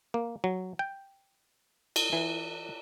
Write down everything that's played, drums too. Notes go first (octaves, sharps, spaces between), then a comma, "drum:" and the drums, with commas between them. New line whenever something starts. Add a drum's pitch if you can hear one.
A#3
F#3
G5
drum: cymbal
E3